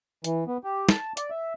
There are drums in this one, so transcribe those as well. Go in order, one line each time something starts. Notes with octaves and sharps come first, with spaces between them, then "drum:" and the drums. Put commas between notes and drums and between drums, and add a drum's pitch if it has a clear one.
E3, drum: hi-hat
B3
G4
A5, drum: snare
D5, drum: hi-hat
E5